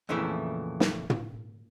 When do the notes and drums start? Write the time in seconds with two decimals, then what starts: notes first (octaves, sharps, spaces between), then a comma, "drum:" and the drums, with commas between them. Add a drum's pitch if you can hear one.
0.09 F2 A#2 C#3 E3 A3 E4
0.80 drum: snare
1.10 drum: tom